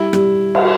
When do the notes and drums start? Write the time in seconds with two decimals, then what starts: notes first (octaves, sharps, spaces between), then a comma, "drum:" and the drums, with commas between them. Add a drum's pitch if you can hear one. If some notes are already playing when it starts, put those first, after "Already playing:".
Already playing: G3 E4
0.13 G3, drum: rim click
0.55 drum: cymbal